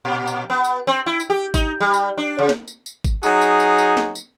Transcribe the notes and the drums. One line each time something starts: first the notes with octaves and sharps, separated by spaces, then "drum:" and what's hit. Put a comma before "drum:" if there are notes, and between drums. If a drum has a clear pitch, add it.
A#2
drum: tambourine
B3
drum: tambourine
C4
E4
drum: tambourine
G4
D#4, drum: kick G#1, tambourine
G3
drum: tambourine
D4
C#3
drum: snare
drum: tambourine
drum: tambourine
drum: kick G#1, tambourine
F#3 D#4 F#4 G#4, drum: tambourine
drum: tambourine
drum: tambourine
drum: tambourine
drum: snare
drum: tambourine